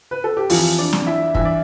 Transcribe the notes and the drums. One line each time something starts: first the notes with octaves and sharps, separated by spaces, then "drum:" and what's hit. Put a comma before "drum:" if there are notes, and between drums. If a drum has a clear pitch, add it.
B4
A4
G4
F2 E3 F3 F4, drum: open hi-hat
D4 D5
drum: snare
E4 E5
G2 E3 E5, drum: kick
D5